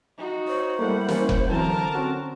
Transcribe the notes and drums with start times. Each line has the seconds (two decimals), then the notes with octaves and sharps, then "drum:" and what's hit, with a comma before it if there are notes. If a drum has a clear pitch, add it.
0.18 D#4 F#4
0.48 C5 C#5
0.79 G3 A3 A#3 E4 F#5
1.09 G3 A#3 C#4, drum: snare
1.29 drum: kick F1
1.49 D3 E3 F#3 C4 A#4 A5
1.95 C4 C#4 F#4